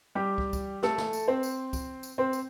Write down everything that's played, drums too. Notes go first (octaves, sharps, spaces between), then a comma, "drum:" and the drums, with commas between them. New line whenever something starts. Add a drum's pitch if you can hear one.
G3 G4
drum: kick
drum: kick, tambourine
A3 A4, drum: snare
drum: snare
drum: tambourine
C4 C5
drum: tambourine
drum: kick, tambourine
drum: tambourine
C4 C5
drum: tambourine